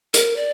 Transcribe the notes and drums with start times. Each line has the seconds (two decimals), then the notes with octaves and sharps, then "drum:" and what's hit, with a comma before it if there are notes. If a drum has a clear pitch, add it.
0.14 A#4, drum: hi-hat
0.36 D5